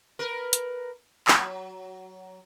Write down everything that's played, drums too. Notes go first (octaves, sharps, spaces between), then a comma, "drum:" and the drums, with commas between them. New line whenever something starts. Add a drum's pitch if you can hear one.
A#4 B4
drum: hi-hat
F#3, drum: clap